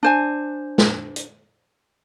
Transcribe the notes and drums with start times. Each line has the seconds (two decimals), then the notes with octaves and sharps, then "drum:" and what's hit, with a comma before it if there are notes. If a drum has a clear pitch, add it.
0.03 D4 C5 G#5
0.78 drum: snare
1.16 drum: hi-hat